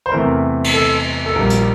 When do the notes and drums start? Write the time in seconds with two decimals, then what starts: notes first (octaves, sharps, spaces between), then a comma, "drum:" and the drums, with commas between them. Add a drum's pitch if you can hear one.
0.06 C5
0.11 E2 C3 E3 A3 C4 A#4
0.64 drum: cymbal
0.74 A4
1.26 A4
1.35 A#1 A#2 G3 A#4
1.50 drum: hi-hat